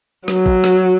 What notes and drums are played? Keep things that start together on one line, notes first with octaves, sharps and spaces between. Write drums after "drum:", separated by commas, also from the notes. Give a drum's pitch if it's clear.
F#3, drum: rim click
drum: kick A1
drum: rim click